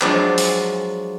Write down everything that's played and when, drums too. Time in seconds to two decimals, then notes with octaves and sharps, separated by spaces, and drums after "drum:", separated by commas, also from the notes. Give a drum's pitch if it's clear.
0.01 F3 F#3 G#3 D4 F4, drum: clap
0.38 drum: open hi-hat